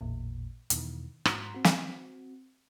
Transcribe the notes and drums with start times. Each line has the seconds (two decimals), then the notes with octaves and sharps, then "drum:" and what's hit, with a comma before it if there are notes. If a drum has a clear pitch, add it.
0.01 A1 E2 A#2
0.70 E2 B2 D#3 E3, drum: hi-hat
1.25 G#2 F#4 A#5 C6 F#6 B6, drum: rim click
1.55 C4 F#4
1.64 drum: snare